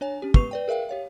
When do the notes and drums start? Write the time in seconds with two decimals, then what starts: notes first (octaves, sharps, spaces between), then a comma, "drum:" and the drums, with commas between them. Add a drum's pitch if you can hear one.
0.01 D4 C#5 G#5
0.22 C#4 G4
0.34 G#3 B3 B4 C#6 C7 F7, drum: kick
0.51 B4 D5 G5
0.68 G#4 A#4 E5 F5 G5
0.89 G4 C#5 F5